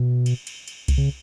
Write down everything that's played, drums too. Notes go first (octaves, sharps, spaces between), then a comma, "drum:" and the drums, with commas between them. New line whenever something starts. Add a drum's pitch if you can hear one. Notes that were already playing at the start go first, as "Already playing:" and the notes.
Already playing: B2
drum: cymbal
drum: cymbal
drum: cymbal
drum: kick C2, cymbal
C#3